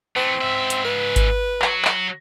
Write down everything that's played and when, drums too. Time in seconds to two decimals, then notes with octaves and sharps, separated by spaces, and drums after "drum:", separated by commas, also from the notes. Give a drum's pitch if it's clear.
0.16 E3 A3 C4
0.41 G#2 E5
0.70 drum: hi-hat
0.85 B4
1.16 drum: kick G#1, hi-hat
1.62 F#3 F#4, drum: clap
1.85 drum: clap